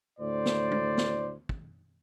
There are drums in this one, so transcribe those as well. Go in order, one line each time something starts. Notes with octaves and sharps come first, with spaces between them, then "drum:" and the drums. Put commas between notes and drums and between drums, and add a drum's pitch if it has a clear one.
D2 A2 C5 D5
drum: snare
drum: tom G#3
drum: snare
drum: kick